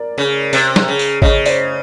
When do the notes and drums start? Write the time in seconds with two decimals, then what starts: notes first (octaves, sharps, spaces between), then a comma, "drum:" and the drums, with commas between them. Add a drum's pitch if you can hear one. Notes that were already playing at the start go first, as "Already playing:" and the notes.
Already playing: A#4 D5
0.18 C#3
0.53 C3, drum: tambourine
0.76 drum: snare
0.88 C#3
0.99 drum: tambourine
1.22 C#3 C#5 D#5, drum: kick G#1
1.46 C5 D5, drum: tambourine